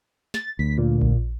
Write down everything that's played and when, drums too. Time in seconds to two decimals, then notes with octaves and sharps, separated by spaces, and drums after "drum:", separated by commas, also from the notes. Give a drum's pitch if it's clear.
0.34 A6, drum: snare
0.59 D2 B6
0.78 A#2
1.02 drum: kick A#1